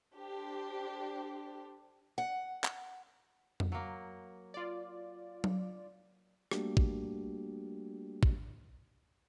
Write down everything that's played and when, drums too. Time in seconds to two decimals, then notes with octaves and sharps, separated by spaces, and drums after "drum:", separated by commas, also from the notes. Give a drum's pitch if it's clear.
0.15 D4 G4 A4 C5
2.18 F#5
2.64 drum: clap
3.60 drum: tom F2
3.72 F#3 A#3
4.54 F4 D5
5.44 drum: tom F#3
6.51 G3 A3 A#3 D4 F#4 G4, drum: rim click
6.77 drum: kick
8.23 drum: kick